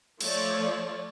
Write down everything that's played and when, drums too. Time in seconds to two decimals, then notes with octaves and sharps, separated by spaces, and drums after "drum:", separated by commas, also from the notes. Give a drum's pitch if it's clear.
0.20 F3 A3 C#5 D5, drum: cymbal